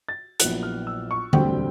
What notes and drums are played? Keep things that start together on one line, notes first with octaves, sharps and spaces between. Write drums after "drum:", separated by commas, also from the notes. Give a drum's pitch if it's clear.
A6
A#1 A#2 F#3 B3 E4 F#6, drum: hi-hat
F6
E6
C#6
E1 D2 D3 G3 C4 G5, drum: tom D3